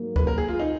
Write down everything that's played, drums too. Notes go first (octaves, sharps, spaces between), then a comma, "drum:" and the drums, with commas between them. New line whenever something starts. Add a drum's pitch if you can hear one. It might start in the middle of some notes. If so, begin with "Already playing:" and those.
Already playing: G#2 F#3 A#3
B4, drum: kick D2
A#4
G#4
F4
D#4